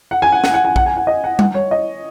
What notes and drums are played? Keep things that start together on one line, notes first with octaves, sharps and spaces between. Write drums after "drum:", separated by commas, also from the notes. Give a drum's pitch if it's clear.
F#5
G#5
F#5
F#5, drum: snare
F#5
G#5
F#5, drum: kick
G#5
F#5
D#5
F#5
F#5, drum: tom G3
C#5
D#5